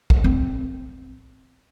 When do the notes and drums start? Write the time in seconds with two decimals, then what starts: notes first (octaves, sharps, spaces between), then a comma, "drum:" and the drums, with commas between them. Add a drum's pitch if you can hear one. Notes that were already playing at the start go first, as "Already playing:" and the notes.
0.10 drum: kick
0.24 C4